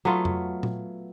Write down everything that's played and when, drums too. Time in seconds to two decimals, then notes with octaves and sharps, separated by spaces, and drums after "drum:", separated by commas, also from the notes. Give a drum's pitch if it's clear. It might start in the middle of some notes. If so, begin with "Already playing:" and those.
0.05 F#3 A3 B3 F4
0.25 drum: tom F2
0.63 drum: tom A#2